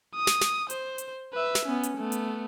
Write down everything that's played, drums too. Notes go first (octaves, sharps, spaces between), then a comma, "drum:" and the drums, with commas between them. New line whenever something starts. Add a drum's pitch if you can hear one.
D#6
drum: snare
drum: snare
C5, drum: hi-hat
drum: hi-hat
B4 E5
drum: snare
B3 C#4
drum: hi-hat
A3 B3
drum: hi-hat